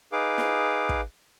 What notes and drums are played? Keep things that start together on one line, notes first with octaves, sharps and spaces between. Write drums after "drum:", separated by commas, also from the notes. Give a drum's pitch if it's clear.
D#4 G#4 B4 F5 D6
drum: snare
drum: kick